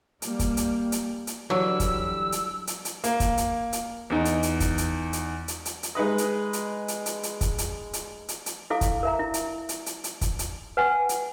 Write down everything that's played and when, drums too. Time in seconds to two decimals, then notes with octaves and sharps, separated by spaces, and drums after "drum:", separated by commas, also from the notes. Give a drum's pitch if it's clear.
0.22 G3 A#3, drum: hi-hat
0.39 drum: kick, hi-hat
0.57 drum: hi-hat
0.92 drum: hi-hat
1.27 drum: hi-hat
1.50 D3 E3 F#3 G3 E6
1.80 drum: kick, hi-hat
2.32 drum: hi-hat
2.67 drum: hi-hat
2.85 drum: hi-hat
3.04 A#3, drum: hi-hat
3.20 drum: kick, hi-hat
3.38 drum: hi-hat
3.73 drum: hi-hat
4.10 E2 D#4
4.25 drum: hi-hat
4.43 drum: hi-hat
4.60 drum: kick, hi-hat
4.78 drum: hi-hat
5.13 drum: hi-hat
5.48 drum: hi-hat
5.65 drum: hi-hat
5.83 drum: hi-hat
5.95 G#3 D#4 B4 D#5
6.18 drum: hi-hat
6.53 drum: hi-hat
6.88 drum: hi-hat
7.06 drum: hi-hat
7.23 drum: hi-hat
7.41 drum: kick, hi-hat
7.58 drum: hi-hat
7.93 drum: hi-hat
8.29 drum: hi-hat
8.46 drum: hi-hat
8.70 E4 A4 F5 D6
8.81 drum: kick, hi-hat
9.03 A#4 E5 A#5
9.19 E4
9.34 drum: hi-hat
9.69 drum: hi-hat
9.86 drum: hi-hat
10.04 drum: hi-hat
10.21 drum: kick, hi-hat
10.39 drum: hi-hat
10.77 B4 F#5 G#5
11.09 drum: hi-hat